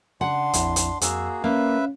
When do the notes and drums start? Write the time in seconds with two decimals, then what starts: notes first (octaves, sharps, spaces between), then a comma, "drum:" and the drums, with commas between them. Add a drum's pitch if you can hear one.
0.21 C#3 D4 F#5 C6
0.53 A#1 F2 E4, drum: hi-hat
0.76 drum: hi-hat
1.01 F2 A#3 F#4 G#4 E6, drum: hi-hat
1.44 A#3 C#4 B4 E5 F5